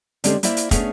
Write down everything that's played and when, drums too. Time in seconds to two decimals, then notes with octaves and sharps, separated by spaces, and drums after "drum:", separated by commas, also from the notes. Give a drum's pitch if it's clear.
0.24 D3 G#3 C4 C#4 G4 A4, drum: hi-hat
0.43 A#3 E4 C5 D5 E5, drum: hi-hat
0.57 drum: hi-hat
0.71 A3 B3 C#4 D4 G#4 C#5, drum: kick, hi-hat